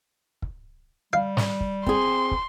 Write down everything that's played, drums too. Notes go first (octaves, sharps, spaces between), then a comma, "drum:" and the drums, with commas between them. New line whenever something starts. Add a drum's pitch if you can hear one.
drum: kick
G3 F5
drum: snare
drum: kick
C4 G#4 C6, drum: kick
drum: kick